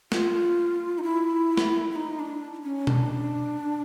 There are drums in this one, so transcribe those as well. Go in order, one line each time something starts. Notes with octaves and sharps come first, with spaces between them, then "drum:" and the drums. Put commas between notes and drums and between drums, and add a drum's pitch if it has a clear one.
F4, drum: snare
D#4
E4
drum: snare
E4
D#4
D4
C#4
D4, drum: tom B2